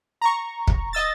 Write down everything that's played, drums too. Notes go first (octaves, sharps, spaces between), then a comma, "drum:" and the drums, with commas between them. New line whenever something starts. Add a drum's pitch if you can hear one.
A#5 C#6
drum: kick
D#5 E6 A6